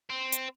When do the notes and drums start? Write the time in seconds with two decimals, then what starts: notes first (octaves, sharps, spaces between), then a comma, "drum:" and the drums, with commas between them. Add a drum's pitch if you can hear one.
0.10 C4
0.32 drum: hi-hat